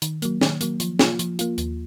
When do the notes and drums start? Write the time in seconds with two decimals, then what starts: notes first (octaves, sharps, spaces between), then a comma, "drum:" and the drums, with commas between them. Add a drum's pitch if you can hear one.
0.02 D#3, drum: hi-hat
0.22 F#3 A#3, drum: hi-hat
0.41 D#3, drum: snare
0.61 F#3 A#3, drum: hi-hat
0.80 F3, drum: hi-hat
0.99 A#3 F4, drum: snare
1.19 F3, drum: hi-hat
1.39 A#3 F4, drum: hi-hat
1.58 D#2, drum: hi-hat